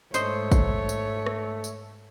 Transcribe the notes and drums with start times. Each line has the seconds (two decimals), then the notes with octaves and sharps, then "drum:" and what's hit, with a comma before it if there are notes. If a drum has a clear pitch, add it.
0.14 G#2 A3 C5 C#5 D#5, drum: tambourine
0.52 drum: kick, tambourine
0.89 drum: tambourine
1.26 drum: rim click
1.64 drum: tambourine